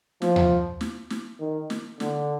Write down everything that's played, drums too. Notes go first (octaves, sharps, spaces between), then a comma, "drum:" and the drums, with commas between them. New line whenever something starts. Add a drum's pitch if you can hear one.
F3, drum: snare
drum: tom D#2
drum: snare
drum: snare
D#3
drum: snare
D3, drum: snare